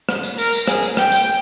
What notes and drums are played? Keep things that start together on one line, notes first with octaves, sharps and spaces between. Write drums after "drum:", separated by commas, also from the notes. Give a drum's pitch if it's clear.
drum: rim click
drum: tambourine
A#4, drum: tambourine
drum: tambourine
G#4, drum: rim click
drum: tambourine
G5, drum: rim click
drum: tambourine